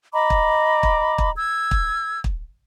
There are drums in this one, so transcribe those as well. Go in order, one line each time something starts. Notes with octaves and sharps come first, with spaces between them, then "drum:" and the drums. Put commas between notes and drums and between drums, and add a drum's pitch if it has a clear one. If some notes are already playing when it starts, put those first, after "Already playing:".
D#5 A#5 B5 D6
drum: kick
drum: kick
drum: kick
E6 G#6
drum: kick
drum: kick